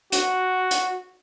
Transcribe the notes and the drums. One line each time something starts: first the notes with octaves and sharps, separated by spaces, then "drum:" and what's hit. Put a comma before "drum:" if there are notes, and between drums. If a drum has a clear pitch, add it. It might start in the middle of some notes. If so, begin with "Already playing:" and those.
F#4, drum: hi-hat
drum: hi-hat